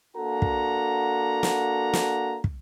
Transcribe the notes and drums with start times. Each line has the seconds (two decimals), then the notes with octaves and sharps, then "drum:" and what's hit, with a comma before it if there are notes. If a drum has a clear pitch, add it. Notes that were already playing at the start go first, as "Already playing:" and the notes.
0.17 A#3 D4 F#4 A4 F#5 A#5
0.42 drum: kick
1.43 drum: snare
1.93 drum: snare
2.44 drum: kick